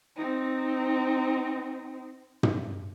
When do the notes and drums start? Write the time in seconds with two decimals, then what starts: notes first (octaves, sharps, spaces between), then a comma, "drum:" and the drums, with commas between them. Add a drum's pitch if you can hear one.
0.16 C4 D#4
2.43 drum: tom